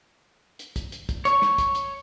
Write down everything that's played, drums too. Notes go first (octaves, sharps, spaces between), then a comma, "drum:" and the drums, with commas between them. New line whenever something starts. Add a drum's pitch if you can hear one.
drum: hi-hat
drum: kick, hi-hat
drum: hi-hat
drum: kick, hi-hat
C#5, drum: hi-hat
drum: snare
drum: kick, hi-hat
drum: hi-hat